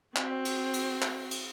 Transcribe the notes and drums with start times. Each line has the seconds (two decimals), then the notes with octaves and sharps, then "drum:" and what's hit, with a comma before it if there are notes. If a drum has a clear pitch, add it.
0.16 C4 F#4, drum: clap
0.45 drum: cymbal
0.74 drum: cymbal
1.02 drum: clap
1.31 drum: cymbal